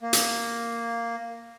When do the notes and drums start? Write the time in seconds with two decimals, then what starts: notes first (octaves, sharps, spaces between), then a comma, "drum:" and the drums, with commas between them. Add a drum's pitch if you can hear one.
0.01 A#3
0.13 drum: hi-hat